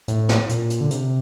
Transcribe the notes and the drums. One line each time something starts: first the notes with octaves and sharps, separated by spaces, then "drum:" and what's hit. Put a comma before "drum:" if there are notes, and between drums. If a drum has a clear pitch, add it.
A2, drum: hi-hat
drum: snare
A#2, drum: hi-hat
drum: hi-hat
D3
C3, drum: hi-hat